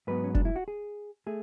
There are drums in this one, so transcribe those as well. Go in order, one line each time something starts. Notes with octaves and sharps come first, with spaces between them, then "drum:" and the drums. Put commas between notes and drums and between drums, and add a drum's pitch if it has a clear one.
G#2 F#3 B3 B4
C#4
D4, drum: kick F1
E4
F#4
G#4
A3 G#4